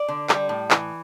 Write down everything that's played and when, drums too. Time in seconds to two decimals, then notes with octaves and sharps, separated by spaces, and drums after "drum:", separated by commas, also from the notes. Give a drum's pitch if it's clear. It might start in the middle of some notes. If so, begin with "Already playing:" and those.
Already playing: D5
0.08 D3
0.29 G3, drum: clap
0.49 A2
0.71 E3, drum: clap